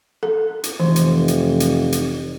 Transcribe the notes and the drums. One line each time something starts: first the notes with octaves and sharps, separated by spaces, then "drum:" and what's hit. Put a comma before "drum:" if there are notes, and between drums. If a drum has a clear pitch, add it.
A4
drum: hi-hat
F1 E3
drum: hi-hat
drum: hi-hat
drum: hi-hat
drum: hi-hat